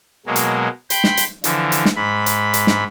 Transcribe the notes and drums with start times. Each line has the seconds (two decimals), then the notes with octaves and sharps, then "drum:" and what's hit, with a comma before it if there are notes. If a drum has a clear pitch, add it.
0.26 B2 F#3 G#3 A#3
0.36 drum: hi-hat
0.90 G5 B5 C6 G6, drum: hi-hat
1.04 drum: snare
1.17 drum: hi-hat
1.44 D3 E3 F3, drum: hi-hat
1.72 drum: hi-hat
1.85 drum: snare
1.96 G#2 B5
2.26 drum: hi-hat
2.54 drum: hi-hat
2.67 drum: snare